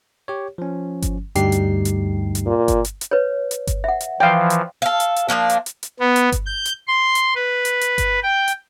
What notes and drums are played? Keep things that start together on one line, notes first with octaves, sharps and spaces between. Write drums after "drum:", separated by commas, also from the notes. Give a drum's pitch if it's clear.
G4 C#5
F3 C#4
drum: kick G1, hi-hat
D2 G2 G3 D#4 G4 C7, drum: hi-hat
drum: hi-hat
drum: hi-hat
drum: hi-hat
A#2
drum: kick G1, hi-hat
drum: hi-hat
drum: hi-hat
B4 C#5
drum: hi-hat
drum: kick G1, hi-hat
E5 F#5
drum: hi-hat
E3 F3 D5 F5 G5
drum: hi-hat
A4 F5
drum: hi-hat
drum: hi-hat
F3 G3 A#3 D4
drum: hi-hat
drum: hi-hat
drum: hi-hat
B3
drum: hi-hat
drum: kick G1, hi-hat
G6
drum: hi-hat
C6
drum: hi-hat
B4
drum: hi-hat
drum: hi-hat
drum: kick G1, hi-hat
G5
drum: hi-hat